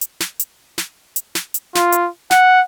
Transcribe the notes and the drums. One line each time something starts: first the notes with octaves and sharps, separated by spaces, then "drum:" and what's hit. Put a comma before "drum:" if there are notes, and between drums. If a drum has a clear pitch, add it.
drum: hi-hat
drum: snare
drum: hi-hat
drum: snare
drum: hi-hat
drum: snare
drum: hi-hat
F4, drum: snare
drum: hi-hat
F#5, drum: snare